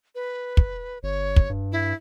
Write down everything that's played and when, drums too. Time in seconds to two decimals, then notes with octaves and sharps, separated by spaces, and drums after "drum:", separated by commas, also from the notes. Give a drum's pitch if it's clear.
0.15 B4
0.57 drum: kick
1.03 G1 C#5
1.36 drum: kick
1.50 G2
1.72 E4